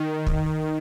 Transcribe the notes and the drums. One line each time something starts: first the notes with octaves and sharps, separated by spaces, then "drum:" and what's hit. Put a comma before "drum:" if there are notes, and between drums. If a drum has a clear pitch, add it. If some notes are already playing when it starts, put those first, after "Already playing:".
Already playing: D#3
drum: kick